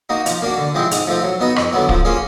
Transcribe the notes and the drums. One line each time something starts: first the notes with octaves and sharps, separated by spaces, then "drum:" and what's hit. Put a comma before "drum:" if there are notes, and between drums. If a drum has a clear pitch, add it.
A#3 D#4 F#4
F3, drum: hi-hat
A#3 D4 F#4
D3
F3 G#3 C4 E4
G#2, drum: hi-hat
F3 A3 C4
F#3
B3 D#4 F#4 B4
F2, drum: rim click
D3 F#3 B3 E4
F3, drum: kick
A#3 C#4 F4 G#4